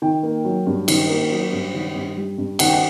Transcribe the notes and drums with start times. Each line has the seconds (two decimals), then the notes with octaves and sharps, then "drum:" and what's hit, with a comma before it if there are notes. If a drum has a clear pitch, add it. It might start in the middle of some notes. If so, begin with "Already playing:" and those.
0.02 D#3 G5
0.23 A#3
0.45 F#3
0.67 G2
0.88 D#3, drum: cymbal
1.09 A#3
1.31 F#3
1.52 G2
1.74 D#3
1.95 G2
2.17 G3
2.38 G2
2.59 D#3 F#5, drum: cymbal
2.67 G5
2.73 F#5